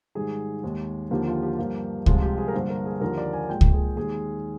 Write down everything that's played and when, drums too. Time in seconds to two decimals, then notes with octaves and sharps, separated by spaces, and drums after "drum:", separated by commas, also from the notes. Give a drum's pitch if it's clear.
0.15 G#2 D#3 G3 G#4
0.64 D#2 D#3 G#3
1.11 D#2 D3 F3 A#3 G4
1.27 F4
1.43 G4
1.58 G2 F3 A#3
2.06 C2 C3 F3 G#3 F4, drum: kick C#2
2.22 G4
2.38 G#4
2.48 A#4
2.54 G2 D3 G3 A#3 C5
2.70 A#4
2.86 G#4
3.01 D#2 D3 F3 A#3 A#4
3.17 D5
3.33 G#5
3.49 A#2 G#3 G5
3.61 drum: kick C#2
3.73 G#4
3.97 D#2 D#3 G#3 G#4